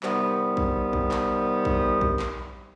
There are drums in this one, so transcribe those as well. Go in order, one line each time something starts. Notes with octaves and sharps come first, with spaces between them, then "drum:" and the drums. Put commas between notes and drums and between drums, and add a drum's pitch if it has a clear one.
C3 D#3 G3 B3, drum: clap
drum: kick A#1
drum: kick A#1
drum: clap
drum: kick A#1
drum: kick A#1
drum: clap